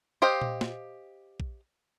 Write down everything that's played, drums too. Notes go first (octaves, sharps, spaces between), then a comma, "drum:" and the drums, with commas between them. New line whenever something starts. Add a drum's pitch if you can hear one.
G4 C5 D#5 F5
drum: tom A#2
drum: snare
drum: kick A#1